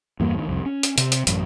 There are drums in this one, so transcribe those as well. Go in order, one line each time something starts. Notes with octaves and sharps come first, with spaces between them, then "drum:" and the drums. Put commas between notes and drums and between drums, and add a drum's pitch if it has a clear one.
E2 G2 A#3
D2 D#3
C2 F2
C#4
drum: hi-hat
C3, drum: hi-hat
drum: hi-hat
A1 F#2, drum: hi-hat